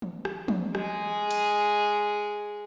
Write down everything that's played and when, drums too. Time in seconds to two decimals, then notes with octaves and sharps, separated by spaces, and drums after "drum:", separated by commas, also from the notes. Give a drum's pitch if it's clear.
0.02 drum: tom
0.25 drum: rim click
0.48 drum: tom
0.75 G#3 G#4, drum: rim click
1.31 drum: cymbal